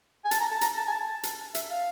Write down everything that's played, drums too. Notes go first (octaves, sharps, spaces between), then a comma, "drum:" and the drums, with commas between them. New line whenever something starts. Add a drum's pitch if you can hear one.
G#5
A5, drum: hi-hat
A#5
A5
A#5, drum: hi-hat
A5
G#5
A5
A5
drum: hi-hat
E5, drum: hi-hat
F5